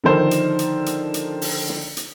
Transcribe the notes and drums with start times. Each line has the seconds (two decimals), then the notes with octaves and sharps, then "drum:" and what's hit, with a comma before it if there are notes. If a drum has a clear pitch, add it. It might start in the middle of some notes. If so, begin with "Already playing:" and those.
0.04 D3 D#3 F3 A4 A#4 C5
0.31 drum: hi-hat
0.59 drum: hi-hat
0.86 drum: hi-hat
1.14 drum: hi-hat
1.42 drum: open hi-hat
1.69 drum: snare
1.97 drum: hi-hat